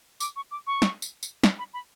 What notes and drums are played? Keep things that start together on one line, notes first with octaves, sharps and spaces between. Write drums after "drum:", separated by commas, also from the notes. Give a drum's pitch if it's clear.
D6, drum: tambourine
C#6
D6
C#6
drum: snare
drum: tambourine
drum: tambourine
A5, drum: snare
B5
B5